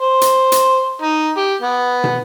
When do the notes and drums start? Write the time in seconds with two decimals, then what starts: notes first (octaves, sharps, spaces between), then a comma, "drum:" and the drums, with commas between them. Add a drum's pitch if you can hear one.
0.01 C5
0.21 drum: hi-hat
0.52 drum: hi-hat
1.02 D#4
1.38 G4
1.62 B3
2.04 drum: tom